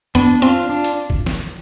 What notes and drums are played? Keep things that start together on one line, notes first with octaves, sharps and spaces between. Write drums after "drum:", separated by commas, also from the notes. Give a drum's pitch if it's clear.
B3 D4, drum: tom F2
C4 F4
D4
drum: hi-hat
drum: kick G#1
drum: snare